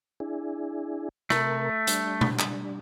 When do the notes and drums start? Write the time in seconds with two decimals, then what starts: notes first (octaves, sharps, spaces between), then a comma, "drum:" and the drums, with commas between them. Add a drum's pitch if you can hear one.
0.20 D4 E4 G#4
1.30 C3 A3 A#4, drum: rim click
1.87 G3 D4, drum: hi-hat
2.21 drum: tom B2
2.39 drum: clap